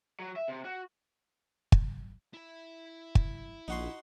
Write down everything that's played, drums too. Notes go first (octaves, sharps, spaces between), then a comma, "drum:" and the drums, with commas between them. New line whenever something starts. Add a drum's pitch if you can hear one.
F#3
E5
C3
F#4
drum: kick
E4 E5
drum: kick
A#1 D#4 F#4 C6